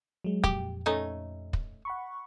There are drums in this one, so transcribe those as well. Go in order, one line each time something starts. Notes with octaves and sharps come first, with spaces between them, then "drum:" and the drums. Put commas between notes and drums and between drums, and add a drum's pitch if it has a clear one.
F#3 G#3
F2 A#2 G4, drum: kick
A3 C#4 D#4
drum: kick
F#5 B5 C#6